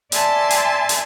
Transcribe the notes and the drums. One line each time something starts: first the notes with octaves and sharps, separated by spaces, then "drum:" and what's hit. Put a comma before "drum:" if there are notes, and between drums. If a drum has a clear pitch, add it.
D5 E5 G#5 A5 C6, drum: hi-hat
drum: hi-hat
drum: hi-hat